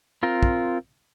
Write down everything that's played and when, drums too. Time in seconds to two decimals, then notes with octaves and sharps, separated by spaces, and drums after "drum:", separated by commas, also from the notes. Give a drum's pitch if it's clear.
0.23 C4 F4 A#4
0.43 drum: kick